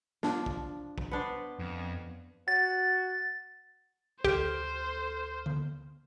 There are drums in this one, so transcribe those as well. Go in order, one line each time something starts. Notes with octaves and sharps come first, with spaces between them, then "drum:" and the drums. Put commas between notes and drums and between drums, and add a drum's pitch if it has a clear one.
F3 D4, drum: snare
drum: kick
drum: kick
B3 D4 C5
F2
F#4 A6
D2 G4 A4 C5 F6, drum: kick
drum: tom D3